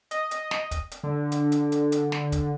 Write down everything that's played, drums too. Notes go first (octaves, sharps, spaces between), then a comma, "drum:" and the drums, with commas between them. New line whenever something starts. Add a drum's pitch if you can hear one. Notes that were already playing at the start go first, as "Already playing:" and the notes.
D#5, drum: hi-hat
drum: hi-hat
drum: snare
drum: kick, hi-hat
drum: hi-hat
D3
drum: hi-hat
drum: hi-hat
drum: hi-hat
drum: hi-hat
drum: snare
drum: kick, hi-hat